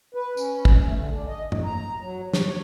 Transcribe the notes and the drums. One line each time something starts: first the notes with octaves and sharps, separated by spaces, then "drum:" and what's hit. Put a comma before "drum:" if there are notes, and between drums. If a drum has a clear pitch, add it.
B4
C#4, drum: tambourine
drum: kick
A3
D3
D4
D#5
G2, drum: tom G2
A#5
F#3
C#5, drum: snare